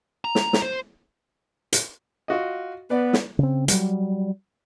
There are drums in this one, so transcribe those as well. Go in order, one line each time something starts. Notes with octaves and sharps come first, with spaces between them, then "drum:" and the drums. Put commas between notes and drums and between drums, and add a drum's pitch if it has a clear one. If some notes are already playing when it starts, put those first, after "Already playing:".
A#5
drum: snare
drum: snare
C5
drum: hi-hat
F4 F#4 D#5
B3 B4 D5
drum: snare
C#3 C4
F#3 G3, drum: hi-hat